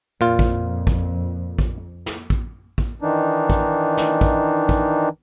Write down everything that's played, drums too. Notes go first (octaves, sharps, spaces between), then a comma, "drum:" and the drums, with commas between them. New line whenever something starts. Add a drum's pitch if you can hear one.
F2 A#2 F4
drum: kick
drum: kick
drum: kick
drum: snare
drum: kick
drum: kick
D#3 E3 D4 D#4
drum: kick
drum: snare
drum: kick
drum: kick